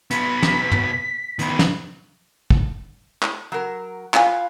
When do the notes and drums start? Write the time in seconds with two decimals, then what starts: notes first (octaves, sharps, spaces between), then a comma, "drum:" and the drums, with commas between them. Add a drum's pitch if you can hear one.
0.11 B1 B3 B6, drum: hi-hat
0.43 drum: snare
0.72 drum: tom
1.39 D#3 B3, drum: hi-hat
1.59 drum: snare
2.50 drum: kick
3.23 drum: clap
3.52 F#3 A#4
4.14 F4 B4 F5 G#5, drum: clap